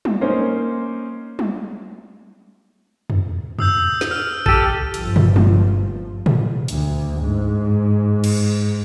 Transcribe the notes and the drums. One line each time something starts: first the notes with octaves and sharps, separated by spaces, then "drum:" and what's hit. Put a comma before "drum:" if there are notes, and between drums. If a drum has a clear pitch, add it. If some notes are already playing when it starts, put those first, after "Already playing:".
drum: tom F#3
A#3 C#4 D#4 C5 C#5
drum: tom F#3
drum: tom E2
D#6 E6 G6, drum: tom E2
drum: snare
F6
G4 A4 D#7, drum: kick A1
G1 G2 F3, drum: hi-hat
drum: tom
drum: tom F#3
drum: tom
D2, drum: hi-hat
G#2
drum: cymbal